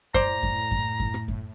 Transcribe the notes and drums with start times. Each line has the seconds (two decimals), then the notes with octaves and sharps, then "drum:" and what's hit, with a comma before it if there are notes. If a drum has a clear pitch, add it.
0.14 A2 C5 D5 A#5, drum: kick F#2
0.43 drum: kick F#2
0.71 drum: kick F#2
1.00 drum: kick F#2
1.14 drum: rim click
1.28 drum: kick F#2